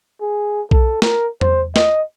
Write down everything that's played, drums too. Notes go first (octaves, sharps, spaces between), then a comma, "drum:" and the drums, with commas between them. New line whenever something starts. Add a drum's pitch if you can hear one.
G#4
A4, drum: kick B1
A#4, drum: snare
C5, drum: tom E2
D#5, drum: snare